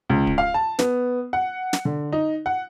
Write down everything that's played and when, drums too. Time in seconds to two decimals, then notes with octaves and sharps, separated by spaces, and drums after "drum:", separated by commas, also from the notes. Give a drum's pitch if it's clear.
0.09 C#2
0.27 drum: kick D1
0.38 F5
0.54 A5
0.79 B3, drum: snare
1.33 F#5
1.73 drum: snare
1.85 D3
2.12 D#4
2.46 F#5